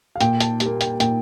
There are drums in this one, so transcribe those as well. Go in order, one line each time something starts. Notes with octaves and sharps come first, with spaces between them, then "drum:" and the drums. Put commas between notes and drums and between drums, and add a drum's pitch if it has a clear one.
F5
A#2 G5, drum: hi-hat
A5, drum: hi-hat
G3, drum: hi-hat
A#3
G5, drum: hi-hat
A#2 G5, drum: hi-hat